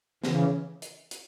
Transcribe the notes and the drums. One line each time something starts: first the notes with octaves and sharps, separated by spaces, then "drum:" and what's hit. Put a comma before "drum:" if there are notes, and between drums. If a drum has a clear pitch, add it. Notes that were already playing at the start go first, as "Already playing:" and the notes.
C#3 E3, drum: snare
drum: hi-hat
drum: hi-hat